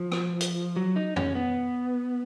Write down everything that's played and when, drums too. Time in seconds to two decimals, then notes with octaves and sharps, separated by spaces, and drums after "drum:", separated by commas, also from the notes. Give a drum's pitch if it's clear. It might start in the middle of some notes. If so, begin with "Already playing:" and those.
Already playing: F3
0.12 drum: rim click
0.41 drum: hi-hat
0.76 F#3
0.96 D#4
1.16 C#4, drum: tom F2
1.35 B3